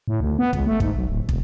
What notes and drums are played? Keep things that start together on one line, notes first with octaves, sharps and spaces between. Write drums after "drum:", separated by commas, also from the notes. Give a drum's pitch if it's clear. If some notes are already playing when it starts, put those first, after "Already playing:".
A2
D2
B3
C#2, drum: kick
A3
G#2, drum: kick
B1
D1
E1, drum: kick